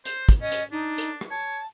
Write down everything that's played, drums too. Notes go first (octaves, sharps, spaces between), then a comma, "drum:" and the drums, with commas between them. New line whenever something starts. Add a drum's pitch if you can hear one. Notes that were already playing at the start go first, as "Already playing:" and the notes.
C5, drum: hi-hat
drum: kick, hi-hat
C#4 D#5
drum: hi-hat
D4 D#4
drum: hi-hat
drum: rim click
C#5 A5